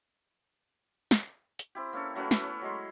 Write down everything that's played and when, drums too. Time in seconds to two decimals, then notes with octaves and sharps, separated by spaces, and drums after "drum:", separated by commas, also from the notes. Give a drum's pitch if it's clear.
1.11 drum: snare
1.59 drum: hi-hat
1.75 C4 E4 G4
1.93 A#3 C#4 A4
2.15 F#3 A3 C#4 B4
2.31 B3 E4, drum: snare
2.61 F#3 G#3 C6